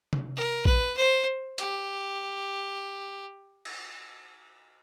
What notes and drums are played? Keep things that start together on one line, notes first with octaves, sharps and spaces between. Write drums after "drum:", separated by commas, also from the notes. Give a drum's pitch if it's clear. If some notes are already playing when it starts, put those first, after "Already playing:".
drum: tom C3
A#4
B4, drum: kick A#1
C5
G4, drum: hi-hat
drum: cymbal